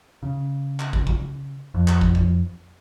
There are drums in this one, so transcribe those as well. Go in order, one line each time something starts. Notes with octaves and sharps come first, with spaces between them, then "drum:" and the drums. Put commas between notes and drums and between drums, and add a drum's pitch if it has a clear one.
C#3
drum: clap
drum: kick
drum: kick
F2
drum: clap
drum: kick
drum: kick